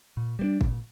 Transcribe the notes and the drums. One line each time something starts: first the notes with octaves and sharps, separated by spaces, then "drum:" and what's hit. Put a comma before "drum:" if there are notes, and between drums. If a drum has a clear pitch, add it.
A#2
G3 A#3 D4
A#2, drum: kick G1